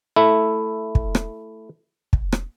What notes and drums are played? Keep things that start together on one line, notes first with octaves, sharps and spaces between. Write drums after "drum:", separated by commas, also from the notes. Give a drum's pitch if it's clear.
A3 E4
drum: kick
drum: rim click
drum: kick
drum: rim click